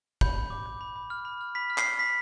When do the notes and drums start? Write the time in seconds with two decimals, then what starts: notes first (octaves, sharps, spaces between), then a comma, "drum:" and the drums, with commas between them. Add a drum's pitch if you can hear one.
0.21 B5 G6, drum: kick
0.36 B5
0.50 D6
0.66 G6
0.81 B5
0.96 B5
1.10 F6
1.25 B5
1.41 F6
1.55 B5 B6
1.70 F6
1.78 C7, drum: clap
1.85 B5
1.99 B5 B6